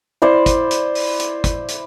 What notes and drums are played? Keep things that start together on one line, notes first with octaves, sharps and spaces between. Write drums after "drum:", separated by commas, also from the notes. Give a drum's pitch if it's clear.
E4 C5 D5
drum: kick, hi-hat
drum: hi-hat
drum: open hi-hat
drum: hi-hat
drum: kick, hi-hat
drum: hi-hat